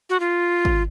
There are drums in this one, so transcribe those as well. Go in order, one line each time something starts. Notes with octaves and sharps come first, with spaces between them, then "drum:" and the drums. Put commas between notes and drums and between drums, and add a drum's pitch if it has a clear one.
F#4
F4
drum: kick